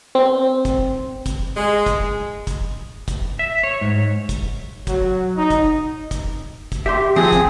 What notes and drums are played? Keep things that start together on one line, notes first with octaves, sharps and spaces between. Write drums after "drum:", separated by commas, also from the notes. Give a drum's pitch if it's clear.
C4
drum: kick, hi-hat
drum: kick, hi-hat
G#3
drum: kick, hi-hat
drum: kick, hi-hat
drum: kick, hi-hat
E5
C#5
G#2
drum: kick, hi-hat
F#3, drum: kick, hi-hat
D#4
drum: kick, hi-hat
drum: kick, hi-hat
drum: kick, hi-hat
G4 E5 C6
F3 C4 G#4 F5 D#6
drum: kick, hi-hat